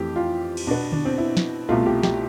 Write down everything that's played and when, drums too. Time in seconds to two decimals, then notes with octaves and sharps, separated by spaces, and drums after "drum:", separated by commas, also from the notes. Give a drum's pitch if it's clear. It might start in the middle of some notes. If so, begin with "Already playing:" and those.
Already playing: F2 E3 A3 G4
0.16 F4
0.57 drum: cymbal
0.67 B2 B3 D4
0.92 D4, drum: tom D3
1.05 C4
1.18 E4
1.37 drum: snare
1.69 C2 B2 A3 F4
1.86 G4
2.03 G4, drum: snare